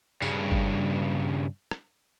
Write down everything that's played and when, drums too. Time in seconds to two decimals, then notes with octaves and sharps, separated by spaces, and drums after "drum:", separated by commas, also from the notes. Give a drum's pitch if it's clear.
0.22 G2 C#3, drum: tambourine
0.52 drum: kick G1
1.71 drum: rim click